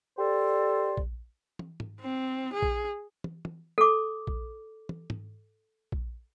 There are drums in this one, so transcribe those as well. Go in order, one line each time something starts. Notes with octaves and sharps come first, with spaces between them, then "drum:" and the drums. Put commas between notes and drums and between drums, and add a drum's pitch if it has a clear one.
G4 A4 C5 D5
drum: kick A#1
drum: tom
drum: tom G#2
C4
G#4
drum: kick A#1
drum: tom
drum: tom
A4 D6
drum: kick A#1
drum: tom
drum: tom G#2
drum: kick A#1